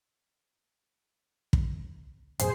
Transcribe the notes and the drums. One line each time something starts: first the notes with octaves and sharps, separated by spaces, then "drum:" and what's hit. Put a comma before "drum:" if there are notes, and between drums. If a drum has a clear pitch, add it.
drum: kick
A1 F#2 B2 G#4 C5 C7, drum: hi-hat